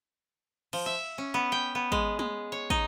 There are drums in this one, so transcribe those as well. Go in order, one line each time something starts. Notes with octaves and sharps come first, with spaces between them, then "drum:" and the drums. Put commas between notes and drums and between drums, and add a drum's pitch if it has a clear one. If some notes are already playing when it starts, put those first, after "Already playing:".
F3, drum: cymbal
E5
C#4
B3
G5
B3
G#3, drum: kick
G#3, drum: tom
C#5
D#4, drum: kick